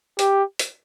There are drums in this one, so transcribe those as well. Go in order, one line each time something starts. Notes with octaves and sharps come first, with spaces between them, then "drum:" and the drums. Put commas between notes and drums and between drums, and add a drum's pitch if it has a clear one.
G4, drum: hi-hat
drum: hi-hat